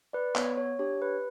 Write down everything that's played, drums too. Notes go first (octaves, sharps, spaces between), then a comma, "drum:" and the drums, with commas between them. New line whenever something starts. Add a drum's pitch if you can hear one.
B4 D5
B3 C#5, drum: clap
C#5
D4 G4 C#5
B4